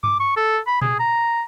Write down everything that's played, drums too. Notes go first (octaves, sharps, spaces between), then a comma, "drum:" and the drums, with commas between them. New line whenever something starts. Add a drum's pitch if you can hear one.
D6, drum: tom G2
C#6
A4
B5
G#4, drum: tom A#2
A#5